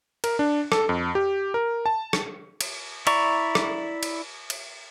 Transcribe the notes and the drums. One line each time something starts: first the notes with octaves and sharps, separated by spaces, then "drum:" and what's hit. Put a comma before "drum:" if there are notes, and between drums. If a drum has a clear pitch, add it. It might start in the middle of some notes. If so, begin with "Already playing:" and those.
A#4, drum: cymbal
D4
A4, drum: rim click
F2
G4
A#4
A5
drum: rim click
drum: cymbal
E4 D5 A#5 C#6, drum: cymbal
drum: rim click
drum: cymbal
drum: cymbal